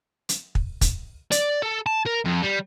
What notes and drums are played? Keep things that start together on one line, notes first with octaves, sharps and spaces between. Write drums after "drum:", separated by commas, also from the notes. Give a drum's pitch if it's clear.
drum: hi-hat
drum: kick
drum: kick, hi-hat
D5, drum: hi-hat
A4
A5
A#4
F2
G3